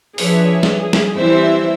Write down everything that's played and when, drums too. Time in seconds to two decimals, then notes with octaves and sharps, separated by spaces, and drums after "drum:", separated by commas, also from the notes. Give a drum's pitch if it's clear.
0.18 F3 D4 G#4 B4 C#5 E5, drum: open hi-hat
0.63 drum: snare
0.76 G#4
0.93 drum: snare
1.18 E3 G3 C4 E4 C5 E5